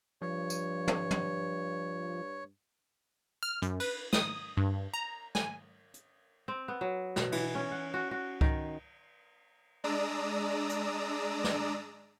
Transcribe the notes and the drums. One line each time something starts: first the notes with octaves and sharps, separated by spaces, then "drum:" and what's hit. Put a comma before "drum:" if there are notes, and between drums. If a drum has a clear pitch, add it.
G2 F3 C#5
drum: tambourine
drum: tom
drum: tom
F6
F#2, drum: hi-hat
B4, drum: cymbal
D#6, drum: snare
G2
A#5
G#5, drum: snare
drum: hi-hat
C4
B3
F#3
B2, drum: snare
E3, drum: cymbal
C#4
F#5
F#4
F#4
D#3, drum: kick C2
G#3 D4 D5 A#5 D#6 E6
drum: hi-hat
drum: snare